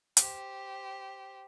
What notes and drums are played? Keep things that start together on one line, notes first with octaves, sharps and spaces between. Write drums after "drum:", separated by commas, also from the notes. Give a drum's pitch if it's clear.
G4 C5, drum: hi-hat